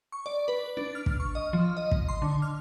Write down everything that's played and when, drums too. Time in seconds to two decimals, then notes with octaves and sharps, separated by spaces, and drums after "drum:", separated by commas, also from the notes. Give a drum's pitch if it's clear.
0.12 C#6
0.26 D5
0.48 B4
0.77 D4
0.95 F6
1.06 drum: kick
1.20 C#6
1.35 D#5
1.53 F3
1.77 D#5
1.91 drum: kick
2.09 C6
2.22 D3
2.42 F6